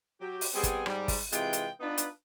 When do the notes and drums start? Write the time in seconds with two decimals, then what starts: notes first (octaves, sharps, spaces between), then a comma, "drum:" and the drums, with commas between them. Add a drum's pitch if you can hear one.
0.21 F#3 G4
0.41 drum: open hi-hat
0.54 G3 B3 C4 G#4
0.63 drum: kick, hi-hat
0.86 G#2 G3, drum: rim click
1.08 drum: kick, open hi-hat
1.32 C3 E3 G#3 F4 G5, drum: hi-hat
1.53 drum: hi-hat
1.80 B3 D4 D#4 F4 B4
1.98 drum: hi-hat